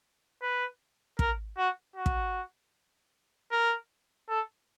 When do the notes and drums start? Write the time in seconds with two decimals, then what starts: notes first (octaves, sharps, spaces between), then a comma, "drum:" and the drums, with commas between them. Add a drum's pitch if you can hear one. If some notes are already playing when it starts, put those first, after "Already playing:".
0.42 B4
1.19 A#4, drum: kick
1.57 F#4
1.96 F#4
2.06 drum: kick
3.51 A#4
4.29 A4